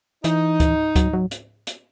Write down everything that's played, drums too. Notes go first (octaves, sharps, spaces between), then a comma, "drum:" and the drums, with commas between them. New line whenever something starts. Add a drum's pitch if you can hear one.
E3 D#4, drum: hi-hat
drum: kick D2, hi-hat
F#3, drum: kick D2, hi-hat
F#3
drum: hi-hat
drum: hi-hat